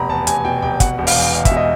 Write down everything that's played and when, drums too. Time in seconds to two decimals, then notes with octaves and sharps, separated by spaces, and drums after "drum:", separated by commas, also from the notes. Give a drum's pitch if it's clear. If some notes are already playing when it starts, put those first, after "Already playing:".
Already playing: F1 B2 A#5 B5
0.09 E2 A5
0.27 F1 G#5, drum: hi-hat
0.45 B2 G5
0.62 F1 G5
0.80 B2 F#5, drum: kick, hi-hat
0.98 E1
1.07 F5, drum: open hi-hat
1.16 E2
1.34 G#3 F5
1.45 E5, drum: kick, hi-hat
1.51 B2
1.57 D#5